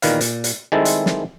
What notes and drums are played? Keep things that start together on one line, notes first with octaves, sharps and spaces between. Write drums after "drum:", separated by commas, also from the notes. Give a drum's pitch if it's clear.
E2 A#2 D#3 B4 F5, drum: hi-hat
A#2, drum: hi-hat
drum: hi-hat
D#3 G3 G#3 C4 E4 A4
drum: hi-hat
drum: snare